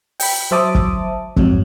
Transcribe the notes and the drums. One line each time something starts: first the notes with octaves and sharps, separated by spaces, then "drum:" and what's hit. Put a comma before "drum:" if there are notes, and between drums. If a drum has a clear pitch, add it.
G5 B5, drum: open hi-hat
F#3 C5 E5 A5 D6 D#6
drum: kick
F2 G#2 F#3, drum: kick